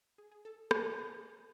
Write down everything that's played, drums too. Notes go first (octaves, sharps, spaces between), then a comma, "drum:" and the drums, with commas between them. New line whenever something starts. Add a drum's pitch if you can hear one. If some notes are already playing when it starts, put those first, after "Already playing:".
G#4
G#4
A4
A4, drum: rim click
G#4